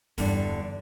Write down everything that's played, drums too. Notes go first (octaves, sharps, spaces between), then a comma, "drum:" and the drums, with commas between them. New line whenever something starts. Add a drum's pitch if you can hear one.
E2 G2 D3, drum: kick D1, open hi-hat